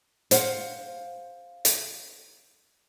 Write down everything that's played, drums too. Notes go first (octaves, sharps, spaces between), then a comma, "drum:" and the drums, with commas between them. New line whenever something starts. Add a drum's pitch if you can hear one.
C5 F5 F#5, drum: hi-hat
drum: hi-hat